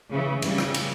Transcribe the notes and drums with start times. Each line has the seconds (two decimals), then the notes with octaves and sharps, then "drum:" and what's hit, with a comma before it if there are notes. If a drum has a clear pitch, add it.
0.11 C#3 E3
0.42 C#3 G3, drum: cymbal
0.58 drum: rim click
0.74 drum: cymbal